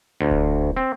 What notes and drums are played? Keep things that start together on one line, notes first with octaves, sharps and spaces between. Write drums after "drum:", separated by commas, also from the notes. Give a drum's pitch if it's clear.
D2
drum: kick D#1
C4